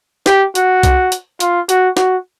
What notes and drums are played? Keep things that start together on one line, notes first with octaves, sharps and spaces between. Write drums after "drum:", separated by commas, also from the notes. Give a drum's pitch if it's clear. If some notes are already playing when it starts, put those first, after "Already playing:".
G4, drum: snare
F#4, drum: hi-hat
drum: kick C2, hi-hat
drum: hi-hat
F4, drum: hi-hat
F#4, drum: hi-hat
F#4, drum: snare